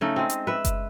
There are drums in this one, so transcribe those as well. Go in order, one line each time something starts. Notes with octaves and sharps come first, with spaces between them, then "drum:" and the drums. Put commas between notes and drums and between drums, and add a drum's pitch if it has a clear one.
C#3 A3 D#4
G#3 C4
drum: hi-hat
B4 E5
drum: kick F#1, hi-hat